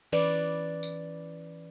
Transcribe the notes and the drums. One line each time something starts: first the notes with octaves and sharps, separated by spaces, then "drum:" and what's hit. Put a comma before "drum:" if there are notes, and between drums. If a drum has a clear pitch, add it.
E3 C#4 B4 D5, drum: cymbal
drum: tambourine